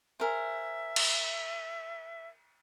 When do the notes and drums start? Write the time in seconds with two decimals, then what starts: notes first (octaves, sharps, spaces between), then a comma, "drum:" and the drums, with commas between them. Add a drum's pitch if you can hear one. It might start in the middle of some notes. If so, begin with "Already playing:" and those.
0.20 G#4 A#4 C5 E5
0.96 drum: cymbal